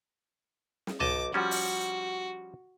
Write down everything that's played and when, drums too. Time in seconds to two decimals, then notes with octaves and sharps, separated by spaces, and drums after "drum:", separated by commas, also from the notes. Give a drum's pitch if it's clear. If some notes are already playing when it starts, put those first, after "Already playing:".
0.87 drum: snare
1.00 B1 D#5 A5 D6, drum: tom C2
1.34 F3 G3 C#4 F#4
1.51 drum: open hi-hat